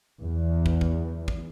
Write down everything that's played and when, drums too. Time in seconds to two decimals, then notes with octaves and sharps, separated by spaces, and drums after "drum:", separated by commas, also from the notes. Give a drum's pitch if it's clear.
0.19 E2
0.66 drum: kick
0.81 drum: kick
1.28 drum: kick